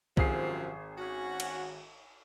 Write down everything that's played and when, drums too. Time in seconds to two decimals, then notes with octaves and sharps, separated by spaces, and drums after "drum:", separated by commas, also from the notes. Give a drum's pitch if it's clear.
0.17 G#1 F#2 C3 F3 G#4 C7, drum: kick C2
0.98 C#4 F#4
1.40 drum: cymbal